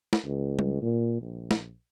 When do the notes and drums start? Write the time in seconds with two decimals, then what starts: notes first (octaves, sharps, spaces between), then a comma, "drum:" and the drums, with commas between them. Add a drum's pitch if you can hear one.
0.13 drum: snare
0.25 C#2
0.59 drum: tom G3
0.82 A#2
1.21 A#1
1.51 drum: snare